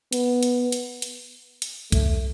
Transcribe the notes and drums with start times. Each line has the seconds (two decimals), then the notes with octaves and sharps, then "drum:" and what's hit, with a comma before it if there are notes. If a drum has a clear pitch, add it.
0.13 B3, drum: hi-hat
0.43 drum: hi-hat
0.72 drum: hi-hat
1.02 drum: hi-hat
1.62 drum: hi-hat
1.92 A3, drum: kick B1, hi-hat